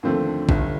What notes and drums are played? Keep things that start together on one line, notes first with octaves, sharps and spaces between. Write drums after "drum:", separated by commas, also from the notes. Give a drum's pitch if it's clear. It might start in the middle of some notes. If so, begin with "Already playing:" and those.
D#2 D3 F3 A3 C4
G1 G2 D3, drum: kick